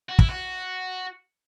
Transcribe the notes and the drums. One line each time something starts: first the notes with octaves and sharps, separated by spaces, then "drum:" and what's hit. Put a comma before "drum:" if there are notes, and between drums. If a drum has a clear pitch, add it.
F#4
E4, drum: kick
F#4